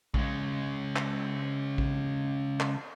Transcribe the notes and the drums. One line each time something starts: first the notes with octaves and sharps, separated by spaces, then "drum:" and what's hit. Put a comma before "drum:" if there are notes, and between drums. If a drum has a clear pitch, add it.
C#3 G#3, drum: kick A#1
drum: clap
drum: kick A#1
drum: clap